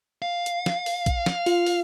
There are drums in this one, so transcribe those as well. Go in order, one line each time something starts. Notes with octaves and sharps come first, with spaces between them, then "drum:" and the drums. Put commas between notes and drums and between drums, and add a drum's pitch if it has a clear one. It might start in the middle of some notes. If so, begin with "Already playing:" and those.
F5
drum: hi-hat
drum: snare
drum: open hi-hat
drum: kick A#1, hi-hat
drum: snare
F4, drum: open hi-hat
drum: open hi-hat